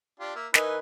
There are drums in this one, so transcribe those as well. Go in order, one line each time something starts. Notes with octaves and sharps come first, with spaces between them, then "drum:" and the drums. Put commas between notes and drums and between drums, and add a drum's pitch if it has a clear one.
D4 F4 G4
A#3 E5
D#3 D#4 E4 B4 G#5, drum: snare